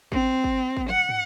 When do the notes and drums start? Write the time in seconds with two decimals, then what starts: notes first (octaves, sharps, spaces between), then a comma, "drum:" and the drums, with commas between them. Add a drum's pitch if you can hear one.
0.12 C4, drum: kick G#1
0.44 drum: kick G#1
0.77 drum: kick G#1
0.90 F#5
1.09 drum: tom